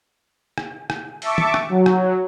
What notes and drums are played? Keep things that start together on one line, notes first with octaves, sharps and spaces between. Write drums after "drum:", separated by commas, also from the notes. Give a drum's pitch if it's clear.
drum: rim click
drum: rim click
E5 A5 C#6 D6, drum: open hi-hat
drum: tom
drum: rim click
F#3
drum: rim click